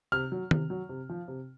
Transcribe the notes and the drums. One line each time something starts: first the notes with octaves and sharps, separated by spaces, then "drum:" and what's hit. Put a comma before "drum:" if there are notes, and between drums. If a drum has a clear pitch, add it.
C3 F6
F#3
C3, drum: tom D#3
F#3
C3
F3
C3